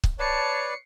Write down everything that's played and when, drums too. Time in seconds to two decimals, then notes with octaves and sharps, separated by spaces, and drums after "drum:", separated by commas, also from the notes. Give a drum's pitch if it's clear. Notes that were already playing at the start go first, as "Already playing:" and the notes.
0.04 drum: kick
0.19 B4 C#5 D5 A5 C7 C#7